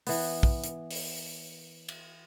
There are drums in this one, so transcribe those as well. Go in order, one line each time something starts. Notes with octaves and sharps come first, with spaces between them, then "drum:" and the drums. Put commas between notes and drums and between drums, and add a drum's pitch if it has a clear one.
E3 B3, drum: open hi-hat
drum: kick
drum: hi-hat
drum: open hi-hat
drum: cymbal